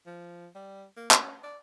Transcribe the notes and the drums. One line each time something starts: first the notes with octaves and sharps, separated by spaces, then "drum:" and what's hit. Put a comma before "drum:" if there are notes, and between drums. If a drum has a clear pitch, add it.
F3
G3
A#3
C#4, drum: clap
D5